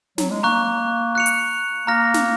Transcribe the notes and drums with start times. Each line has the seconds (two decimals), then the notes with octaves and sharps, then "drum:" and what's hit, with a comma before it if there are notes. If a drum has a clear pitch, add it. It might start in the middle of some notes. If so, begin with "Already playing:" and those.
0.18 F#3, drum: snare
0.31 G#3
0.43 A#3 A#5 C#6 F#6
1.15 F#6 C#7 F7
1.26 drum: hi-hat
1.87 A#3 A#5 F6 A#6
2.14 drum: snare